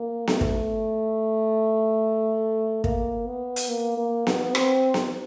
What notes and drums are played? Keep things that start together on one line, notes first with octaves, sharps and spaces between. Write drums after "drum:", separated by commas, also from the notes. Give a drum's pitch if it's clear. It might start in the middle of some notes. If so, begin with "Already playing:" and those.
Already playing: A#3
A3, drum: snare B3
drum: kick
A#3, drum: kick
B3
drum: hi-hat
A#3
A#3
B3, drum: snare B3
C4, drum: rim click
drum: snare B3